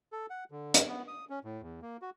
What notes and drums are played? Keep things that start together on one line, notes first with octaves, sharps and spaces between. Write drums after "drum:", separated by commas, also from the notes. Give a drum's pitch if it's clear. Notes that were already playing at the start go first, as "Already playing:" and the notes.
A4
F#5
D3
F#2, drum: hi-hat
B3
D#6
C#4
A2
E2
A#3
F#4